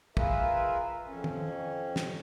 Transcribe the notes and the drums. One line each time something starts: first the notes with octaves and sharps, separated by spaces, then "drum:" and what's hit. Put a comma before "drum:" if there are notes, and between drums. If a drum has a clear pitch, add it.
F4 G#4 A#4 B4 E5, drum: kick
F2 C#4
drum: tom
drum: snare